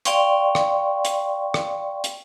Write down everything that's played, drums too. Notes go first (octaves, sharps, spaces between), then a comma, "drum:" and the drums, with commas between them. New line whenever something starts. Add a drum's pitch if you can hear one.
D5 F5 G5 C6 C#6, drum: hi-hat
drum: rim click
drum: hi-hat
drum: rim click
drum: hi-hat